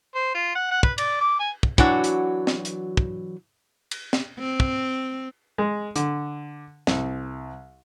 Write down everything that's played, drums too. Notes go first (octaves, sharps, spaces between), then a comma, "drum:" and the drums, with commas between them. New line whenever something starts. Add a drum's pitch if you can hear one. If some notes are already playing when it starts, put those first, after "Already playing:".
C5
F4
F#5
F#5
B4, drum: kick
D5, drum: cymbal
D6
G#5
drum: kick
E3 F#3 D4 F#4, drum: kick
drum: hi-hat
drum: snare
drum: hi-hat
drum: kick
drum: cymbal
drum: snare
C4
drum: kick
G#3
D3, drum: hi-hat
C2, drum: snare